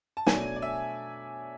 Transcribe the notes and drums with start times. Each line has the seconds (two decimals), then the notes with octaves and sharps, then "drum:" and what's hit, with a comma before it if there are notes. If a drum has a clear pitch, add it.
0.17 A5
0.27 B2 F#3 A3 D4 G#5, drum: snare
0.56 D5
0.62 E5